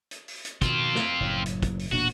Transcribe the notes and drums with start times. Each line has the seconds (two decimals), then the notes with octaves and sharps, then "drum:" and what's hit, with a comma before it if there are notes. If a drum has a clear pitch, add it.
0.11 drum: hi-hat
0.28 drum: open hi-hat
0.45 drum: hi-hat
0.62 B2 D3 D#3 C4 F4, drum: kick, hi-hat
0.95 drum: snare
1.20 F#1 A2 F#3
1.46 drum: hi-hat
1.63 drum: kick, hi-hat
1.79 drum: open hi-hat
1.92 E1 A#2 D4 F#4